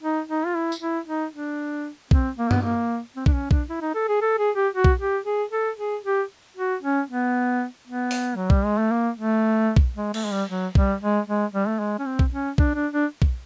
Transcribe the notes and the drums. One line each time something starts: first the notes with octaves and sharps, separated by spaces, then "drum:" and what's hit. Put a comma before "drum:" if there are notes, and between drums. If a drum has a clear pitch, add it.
D#4
D#4
F4
E4
drum: tambourine
E4
D#4
D4
C4, drum: kick B1
A#3
B3, drum: tom G2
A#3
C4
D4, drum: kick B1
C#4
D4, drum: kick B1
E4
D#4
A4
G#4
A4
G#4
G4
F#4
drum: kick B1
G4
G#4
A4
G#4
G4
F#4
C#4
B3
B3
drum: open hi-hat
F#3
G3, drum: kick B1
G#3
A3
A#3
A3
drum: kick B1
G#3
A3, drum: cymbal
G#3
G3
F#3
G3, drum: kick B1
G#3
G#3
G3
A3
G#3
C#4
C4
drum: kick B1
C#4
D4, drum: kick B1
D4
D4
drum: kick B1